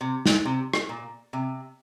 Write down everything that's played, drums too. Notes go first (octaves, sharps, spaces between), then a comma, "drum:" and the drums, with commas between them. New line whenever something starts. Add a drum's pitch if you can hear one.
C3
drum: snare
C3
drum: rim click
A#2
C3